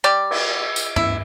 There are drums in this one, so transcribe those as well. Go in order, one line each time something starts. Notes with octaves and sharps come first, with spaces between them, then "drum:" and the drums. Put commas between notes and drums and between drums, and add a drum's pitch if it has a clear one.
G3 G4 D5
drum: cymbal
drum: tambourine
E4, drum: tom G2